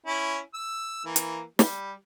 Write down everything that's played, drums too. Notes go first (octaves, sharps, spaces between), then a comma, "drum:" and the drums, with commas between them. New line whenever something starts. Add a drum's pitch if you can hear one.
C#4 E4
E6
E3 A#3
drum: hi-hat
G3, drum: snare